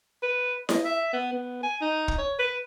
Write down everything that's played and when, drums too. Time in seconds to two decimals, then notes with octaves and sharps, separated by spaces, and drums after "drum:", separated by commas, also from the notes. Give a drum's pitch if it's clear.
0.23 B4
0.69 D#5, drum: snare E4
0.84 E5
1.13 B3
1.33 B3
1.63 G#5
1.81 D#4
2.08 drum: kick
2.18 C#5
2.39 B4